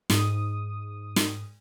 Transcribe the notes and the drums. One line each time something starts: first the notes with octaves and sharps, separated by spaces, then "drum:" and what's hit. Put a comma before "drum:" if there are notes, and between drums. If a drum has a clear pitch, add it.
G#2 D#6 D#7, drum: snare
drum: snare